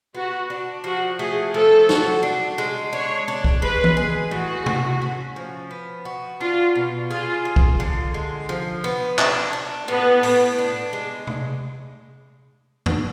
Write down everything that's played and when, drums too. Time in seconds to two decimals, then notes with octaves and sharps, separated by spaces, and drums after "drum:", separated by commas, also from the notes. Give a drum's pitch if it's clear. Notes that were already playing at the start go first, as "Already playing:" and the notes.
0.15 B3 F#4
0.50 D4
0.84 F3 F#4
1.19 A3 G#4
1.54 F3 A4
1.89 F#4, drum: snare
2.23 D4
2.58 G#3
2.93 D4 C#5
3.28 D4
3.44 drum: kick C2
3.62 G#3 B4
3.84 drum: tom E3
3.97 G#4
4.31 A2 F#4
4.66 A2, drum: tom
5.01 C#4
5.36 F3
5.71 B3
6.05 F#4
6.41 D4 F4
6.75 B2
7.11 F4 G#4
7.45 F4
7.56 drum: kick C2
7.80 D3
8.14 G#3
8.49 F3
8.84 B3
9.19 D4, drum: clap
9.53 D4
9.88 A2 B3
10.23 A2, drum: open hi-hat
10.58 D4
10.93 G#3
11.27 drum: tom
12.86 drum: tom F2